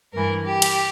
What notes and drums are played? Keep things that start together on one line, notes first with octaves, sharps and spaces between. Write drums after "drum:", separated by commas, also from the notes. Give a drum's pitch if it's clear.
G2 E3 A#4
G4
drum: cymbal